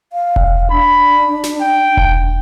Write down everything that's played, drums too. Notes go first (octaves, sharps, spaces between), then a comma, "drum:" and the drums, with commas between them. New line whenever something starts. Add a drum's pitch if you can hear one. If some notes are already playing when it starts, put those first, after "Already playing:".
F5
drum: kick E1
D4 B5
drum: snare
G5
drum: kick E1